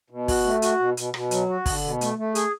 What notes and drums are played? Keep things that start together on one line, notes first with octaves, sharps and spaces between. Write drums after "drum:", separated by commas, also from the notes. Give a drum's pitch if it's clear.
B2
F#4, drum: kick, open hi-hat
A3
F#4, drum: hi-hat
B2
B2, drum: hi-hat
B2, drum: rim click
F#3, drum: hi-hat
F#4
D3, drum: kick, open hi-hat
B2
A3, drum: hi-hat
A3
G#4, drum: hi-hat